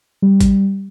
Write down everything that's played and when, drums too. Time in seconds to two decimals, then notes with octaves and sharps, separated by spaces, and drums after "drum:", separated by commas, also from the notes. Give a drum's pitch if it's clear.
0.22 G3
0.41 drum: kick A1, hi-hat